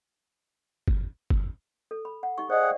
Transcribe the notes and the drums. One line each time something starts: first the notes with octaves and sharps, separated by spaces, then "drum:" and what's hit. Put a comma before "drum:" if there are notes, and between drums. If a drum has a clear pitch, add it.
drum: kick G1
drum: kick G1
A4
B5
F#5
D#4 G4 C#6
G#4 C5 D5 D#5 F#5
D5 F5 G5